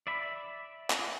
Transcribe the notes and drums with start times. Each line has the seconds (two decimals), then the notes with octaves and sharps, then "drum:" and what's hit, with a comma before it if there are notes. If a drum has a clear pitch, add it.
0.07 D5 E5 B5
0.90 drum: clap